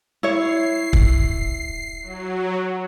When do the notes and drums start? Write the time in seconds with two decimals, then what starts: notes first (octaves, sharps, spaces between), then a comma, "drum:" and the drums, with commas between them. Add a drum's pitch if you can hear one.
0.23 E4 C#5 C7
0.93 drum: kick
2.02 F#3